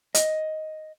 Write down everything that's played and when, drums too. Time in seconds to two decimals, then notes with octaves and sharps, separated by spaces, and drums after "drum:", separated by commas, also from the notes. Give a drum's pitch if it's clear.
0.15 D#5, drum: hi-hat